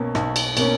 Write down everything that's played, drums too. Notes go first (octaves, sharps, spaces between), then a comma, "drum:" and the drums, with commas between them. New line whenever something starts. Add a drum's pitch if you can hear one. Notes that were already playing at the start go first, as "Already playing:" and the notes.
Already playing: B1 B2 A#3 C#4
B1, drum: rim click
drum: cymbal
B2 A#3 C#4, drum: cymbal